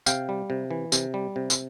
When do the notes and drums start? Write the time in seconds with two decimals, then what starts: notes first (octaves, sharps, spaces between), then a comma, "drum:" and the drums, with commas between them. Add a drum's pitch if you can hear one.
0.06 C3 F5 G5, drum: tambourine
0.29 G3
0.50 C3
0.71 E3
0.92 C3, drum: tambourine
1.14 G3
1.36 C3
1.50 drum: tambourine